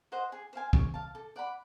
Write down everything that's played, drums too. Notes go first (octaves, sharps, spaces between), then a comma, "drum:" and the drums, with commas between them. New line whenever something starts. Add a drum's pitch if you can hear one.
C5 D#5 F#5
G#4
C5 F5 G#5
C#5, drum: kick
F5 A5
A4
D5 F#5 B5